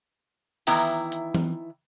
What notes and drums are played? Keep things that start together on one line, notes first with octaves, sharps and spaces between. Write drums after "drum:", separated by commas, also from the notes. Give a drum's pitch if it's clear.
D#3 E3 B3 E4 G5 A#5, drum: open hi-hat
drum: hi-hat
drum: tom E3